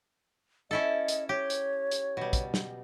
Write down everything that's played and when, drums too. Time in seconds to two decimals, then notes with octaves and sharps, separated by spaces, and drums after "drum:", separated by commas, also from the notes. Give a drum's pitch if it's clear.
0.71 C#4 E4 A4 D#5
1.08 drum: hi-hat
1.29 G4 C#5
1.50 drum: hi-hat
1.91 drum: hi-hat
2.17 B2 G3
2.33 drum: kick, hi-hat
2.54 drum: snare